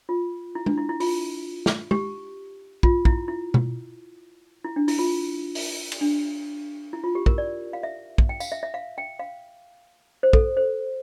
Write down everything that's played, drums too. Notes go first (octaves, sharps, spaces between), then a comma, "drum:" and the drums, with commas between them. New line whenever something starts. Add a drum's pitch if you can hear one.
F4
E4
D4, drum: tom
E4
E4
F4, drum: open hi-hat
drum: snare
G4, drum: tom
F4, drum: kick
E4, drum: kick
E4
drum: tom B2
E4
D4
E4, drum: open hi-hat
F4
drum: open hi-hat
drum: cymbal
D4
E4
F4
G4
A#4, drum: kick
D5
F5
E5
drum: kick
G5
F5, drum: tambourine
E5
E5
F5
G5
F5
C5
A4, drum: kick
C5